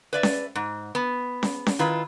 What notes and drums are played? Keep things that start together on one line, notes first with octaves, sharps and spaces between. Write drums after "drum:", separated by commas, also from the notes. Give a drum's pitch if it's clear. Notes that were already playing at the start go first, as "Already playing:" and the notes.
B4 D5 E5
drum: snare C#4
G#2
B3
drum: snare C#4
drum: snare C#4
D#3 E4 F4 B4